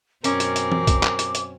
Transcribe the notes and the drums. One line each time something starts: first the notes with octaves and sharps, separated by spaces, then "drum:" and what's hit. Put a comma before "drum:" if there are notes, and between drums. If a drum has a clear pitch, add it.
F#2 B2 C4 C#4 A#4 D6, drum: hi-hat
drum: hi-hat
drum: hi-hat
drum: tom E3
drum: kick B1, hi-hat
drum: clap
drum: hi-hat
drum: hi-hat